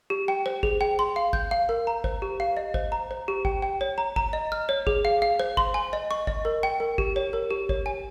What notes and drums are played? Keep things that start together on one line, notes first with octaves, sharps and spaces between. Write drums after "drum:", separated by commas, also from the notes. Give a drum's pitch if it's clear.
G4
G5
C5
G#4, drum: kick
G5
C6
F5
G6, drum: kick
F5
A#4
A#5
C5, drum: kick
G4
F5
D#5
C5, drum: kick
A#5
C5
G4
G5, drum: kick
G5
C#5
A#5
A#5, drum: kick
D#5
F6
C#5
G#4, drum: kick
F5
F5
C5
C6, drum: kick
G#5
D#5
C#6
D#5, drum: kick
A#4
G5
A#4
G4, drum: kick
C#5
A#4
G4
C#5, drum: kick
G#5